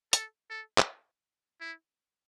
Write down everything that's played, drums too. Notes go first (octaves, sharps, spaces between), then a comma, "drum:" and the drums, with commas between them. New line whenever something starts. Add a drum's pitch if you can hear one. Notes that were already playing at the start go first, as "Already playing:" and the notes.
A4, drum: hi-hat
A4
drum: clap
E4